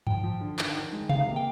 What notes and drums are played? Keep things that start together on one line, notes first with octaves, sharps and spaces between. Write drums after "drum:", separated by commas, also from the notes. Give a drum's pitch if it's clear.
F3 G5, drum: tom G2
F3
D3
D#3, drum: clap
D#4
G#3
C3 F5, drum: tom
A#3
G5